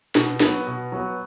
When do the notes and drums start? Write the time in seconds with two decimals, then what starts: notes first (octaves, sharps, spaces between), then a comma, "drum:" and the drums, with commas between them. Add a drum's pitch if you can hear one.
0.15 B2, drum: snare
0.40 F#3 B3, drum: snare
0.67 B2
0.92 F#3 B3